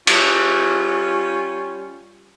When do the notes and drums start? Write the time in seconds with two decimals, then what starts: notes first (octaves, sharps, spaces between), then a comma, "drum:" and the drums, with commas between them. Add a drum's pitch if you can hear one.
0.07 G3 C#4 F4, drum: cymbal